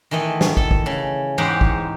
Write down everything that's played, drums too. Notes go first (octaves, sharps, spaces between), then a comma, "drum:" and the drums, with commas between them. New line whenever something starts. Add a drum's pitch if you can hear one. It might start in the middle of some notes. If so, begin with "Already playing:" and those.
D#3 E3 A3 D#5
drum: snare
A4, drum: kick
drum: kick
C#3
E2 G#2 D#4 G4 C5 F#5
drum: kick